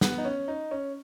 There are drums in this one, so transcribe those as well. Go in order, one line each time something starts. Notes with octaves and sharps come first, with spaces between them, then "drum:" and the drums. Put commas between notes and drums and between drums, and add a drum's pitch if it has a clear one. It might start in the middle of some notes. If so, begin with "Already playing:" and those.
B3, drum: snare
D#4
C#4
D#4
C#4